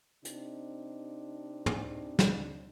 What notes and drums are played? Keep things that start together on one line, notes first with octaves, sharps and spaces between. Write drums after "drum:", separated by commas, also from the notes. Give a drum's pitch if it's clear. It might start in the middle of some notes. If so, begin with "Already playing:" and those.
C3 C4 D4 D#4, drum: hi-hat
drum: tom
drum: snare